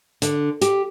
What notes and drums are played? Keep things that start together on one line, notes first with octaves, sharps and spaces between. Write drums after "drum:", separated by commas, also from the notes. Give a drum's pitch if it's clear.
D3, drum: hi-hat
G4, drum: hi-hat